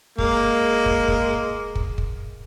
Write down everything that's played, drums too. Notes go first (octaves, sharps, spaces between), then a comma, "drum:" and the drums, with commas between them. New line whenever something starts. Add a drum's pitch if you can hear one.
G#3 A#3, drum: kick
drum: kick
drum: kick
drum: kick
drum: kick